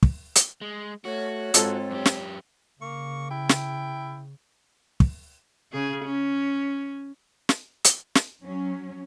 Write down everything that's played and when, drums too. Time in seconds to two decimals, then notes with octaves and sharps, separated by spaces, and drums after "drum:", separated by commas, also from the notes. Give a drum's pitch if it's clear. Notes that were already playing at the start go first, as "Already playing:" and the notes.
0.03 drum: kick
0.36 drum: hi-hat
0.61 G#3
1.05 A3 F#4 C#5
1.54 G#2 C4 F4 A4, drum: hi-hat
1.91 F#2 G4
2.05 drum: snare
2.81 C#3 A#3 C#6
3.31 E4 G5
3.49 drum: snare
5.00 drum: kick
5.72 C#3 G#4
6.05 C#4
7.49 drum: snare
7.85 drum: hi-hat
8.15 drum: snare
8.43 F#3 C#4